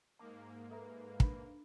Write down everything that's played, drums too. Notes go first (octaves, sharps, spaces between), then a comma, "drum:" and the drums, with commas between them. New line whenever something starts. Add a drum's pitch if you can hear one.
G#2 A#3 A5 D6
A4 B4 E5 A#5
D4 F5 B5, drum: kick